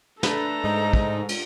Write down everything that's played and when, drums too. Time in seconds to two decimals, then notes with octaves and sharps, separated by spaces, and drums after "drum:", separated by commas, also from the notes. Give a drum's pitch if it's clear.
0.23 A3 D4 A4 B4 A#5, drum: snare
0.64 G#2 D#4
0.93 drum: kick
1.29 drum: cymbal